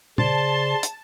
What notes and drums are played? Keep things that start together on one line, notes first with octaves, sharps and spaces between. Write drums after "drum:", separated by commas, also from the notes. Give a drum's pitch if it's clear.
C#3 G#4 C5 D5 A5 C6, drum: tom
drum: hi-hat